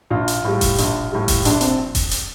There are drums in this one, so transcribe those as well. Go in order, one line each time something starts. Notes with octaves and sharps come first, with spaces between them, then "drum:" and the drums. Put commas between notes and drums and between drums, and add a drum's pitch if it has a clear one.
A#1 F4
drum: hi-hat
A2 G3
drum: kick E1, open hi-hat
A#1, drum: hi-hat
A2 G3
drum: kick E1, open hi-hat
A#1 D4, drum: hi-hat
C4, drum: hi-hat
drum: kick E1, open hi-hat
drum: hi-hat